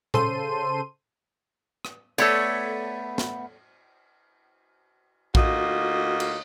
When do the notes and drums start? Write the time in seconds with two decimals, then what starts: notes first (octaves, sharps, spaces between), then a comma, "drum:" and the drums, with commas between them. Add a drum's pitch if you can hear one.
0.14 C#3 A4 C5 C6 D#7, drum: tom A#2
1.85 drum: rim click
2.18 A3 B3 A4 C#5 D5, drum: cymbal
3.18 drum: snare
5.35 D2 A#3 D#4 F4 F#4, drum: kick A#1
6.20 drum: cymbal